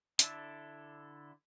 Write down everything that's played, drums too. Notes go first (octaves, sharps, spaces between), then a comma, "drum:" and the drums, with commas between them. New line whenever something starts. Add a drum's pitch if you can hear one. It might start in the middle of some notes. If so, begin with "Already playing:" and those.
D3 D4 E4 A4, drum: hi-hat